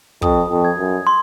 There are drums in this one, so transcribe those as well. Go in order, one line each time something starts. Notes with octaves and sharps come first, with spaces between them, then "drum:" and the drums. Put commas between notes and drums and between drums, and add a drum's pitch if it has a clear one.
F2 D#6, drum: kick
F2
G#6
F#2
C6